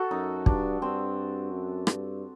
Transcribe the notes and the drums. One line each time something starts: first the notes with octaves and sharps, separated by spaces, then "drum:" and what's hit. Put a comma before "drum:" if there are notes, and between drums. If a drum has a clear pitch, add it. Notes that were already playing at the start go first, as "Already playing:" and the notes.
Already playing: F#4 A4
F#2 D#4
G2 D4, drum: kick
G2 C4
F#2
G2, drum: rim click